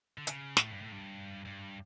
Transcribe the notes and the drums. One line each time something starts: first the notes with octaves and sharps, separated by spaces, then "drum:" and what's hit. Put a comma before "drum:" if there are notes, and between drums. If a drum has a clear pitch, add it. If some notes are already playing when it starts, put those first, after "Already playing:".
D3
C#3, drum: hi-hat
A2, drum: snare
G2
A2
G2
G2